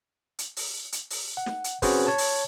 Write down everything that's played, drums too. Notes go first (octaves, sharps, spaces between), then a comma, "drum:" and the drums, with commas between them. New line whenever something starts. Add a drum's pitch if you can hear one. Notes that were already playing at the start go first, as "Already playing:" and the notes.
drum: hi-hat
drum: open hi-hat
drum: hi-hat
drum: open hi-hat
F#5
drum: snare
drum: hi-hat
C4 C#4 F#4 G#4 B4 C5, drum: kick, open hi-hat
C#5 A5
drum: open hi-hat